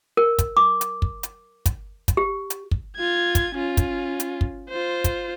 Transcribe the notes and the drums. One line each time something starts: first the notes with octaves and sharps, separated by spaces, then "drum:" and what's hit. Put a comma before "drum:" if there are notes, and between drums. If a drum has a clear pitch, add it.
A#4
drum: kick, hi-hat
D6
drum: hi-hat
drum: kick
drum: hi-hat
drum: kick, hi-hat
drum: kick, hi-hat
G4
drum: hi-hat
drum: kick
F4 G#6
drum: kick, hi-hat
C#4 F4
drum: kick, hi-hat
drum: hi-hat
drum: kick
F4 C5
drum: kick, hi-hat